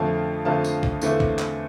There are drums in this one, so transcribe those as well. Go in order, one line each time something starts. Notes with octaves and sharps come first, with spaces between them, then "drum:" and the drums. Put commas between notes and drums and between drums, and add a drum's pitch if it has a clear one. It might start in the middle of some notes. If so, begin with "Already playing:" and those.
Already playing: F2 D3 F3 A3 F5 A5
F2 D3 F3 A3 F5 A5
drum: tambourine
drum: kick
E2 D3 A3 C4, drum: tambourine
drum: kick
drum: clap